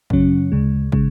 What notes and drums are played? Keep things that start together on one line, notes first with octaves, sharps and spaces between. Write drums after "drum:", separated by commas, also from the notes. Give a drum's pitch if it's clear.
F#2 C#3 F#3 C#4, drum: kick
D2 C#3 G#3
C#3 G#3, drum: kick